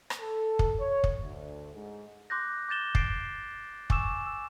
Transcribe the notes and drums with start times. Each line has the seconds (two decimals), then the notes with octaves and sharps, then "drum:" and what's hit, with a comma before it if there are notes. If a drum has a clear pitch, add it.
0.10 drum: rim click
0.20 A4
0.59 drum: kick
0.80 C#5
1.04 drum: kick
1.17 D2
1.74 G#2
2.30 C6 D6 F#6 G6 A#6
2.69 D6 G6 A6 E7 G7
2.95 A6 C7 D7, drum: kick
3.90 G#5 C#6 D6 E6 E7, drum: kick
4.27 E6